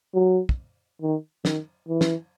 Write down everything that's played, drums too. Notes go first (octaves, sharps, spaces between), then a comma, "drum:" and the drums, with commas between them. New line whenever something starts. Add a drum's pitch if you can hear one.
F#3
drum: kick
D#3
D#3, drum: snare
E3
drum: snare